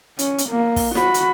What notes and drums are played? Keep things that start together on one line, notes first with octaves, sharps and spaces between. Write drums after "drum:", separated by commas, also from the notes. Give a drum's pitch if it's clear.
C#4, drum: hi-hat
drum: hi-hat
A#3
drum: kick, open hi-hat
F#4 B5, drum: snare
drum: hi-hat